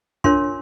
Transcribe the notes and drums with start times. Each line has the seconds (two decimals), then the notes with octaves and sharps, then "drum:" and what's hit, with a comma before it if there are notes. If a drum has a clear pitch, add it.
0.24 D4 F4 A#4 C#5 C6, drum: kick